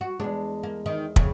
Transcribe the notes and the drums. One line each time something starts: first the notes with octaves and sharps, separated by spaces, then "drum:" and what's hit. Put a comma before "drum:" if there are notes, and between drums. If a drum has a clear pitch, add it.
F#4
E2 G#2 G#3 D4
A#3
D#3
F2 C#3, drum: kick